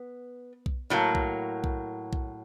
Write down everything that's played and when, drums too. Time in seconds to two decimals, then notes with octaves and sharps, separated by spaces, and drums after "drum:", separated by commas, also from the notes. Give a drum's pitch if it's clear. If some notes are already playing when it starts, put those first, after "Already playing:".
Already playing: B3
0.66 drum: kick B1
0.90 A2 F#3 A#3
1.15 drum: kick B1
1.64 drum: kick B1
2.13 drum: kick B1